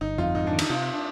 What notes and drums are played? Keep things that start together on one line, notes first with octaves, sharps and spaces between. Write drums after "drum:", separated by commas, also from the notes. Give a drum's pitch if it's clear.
G1 D#4
F2 F4
G#2 D#4
D4
D#3
D#4, drum: cymbal
C3 F4
D4